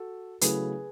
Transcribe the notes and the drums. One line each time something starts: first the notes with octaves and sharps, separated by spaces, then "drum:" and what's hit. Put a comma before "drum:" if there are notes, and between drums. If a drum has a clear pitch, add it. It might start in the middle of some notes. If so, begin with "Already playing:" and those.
Already playing: F#4 A4
C#3 F#3 A3 E4 G#4 B4, drum: hi-hat